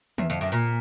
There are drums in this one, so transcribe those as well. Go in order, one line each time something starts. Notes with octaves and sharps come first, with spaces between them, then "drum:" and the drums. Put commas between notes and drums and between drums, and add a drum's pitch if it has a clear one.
E2, drum: tom
F2, drum: hi-hat
F#2
A#2